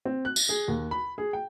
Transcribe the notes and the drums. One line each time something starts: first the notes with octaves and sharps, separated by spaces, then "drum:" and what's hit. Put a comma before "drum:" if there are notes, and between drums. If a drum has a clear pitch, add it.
C4
F#6
drum: tambourine
G#4
D#2
B5
G#4
G5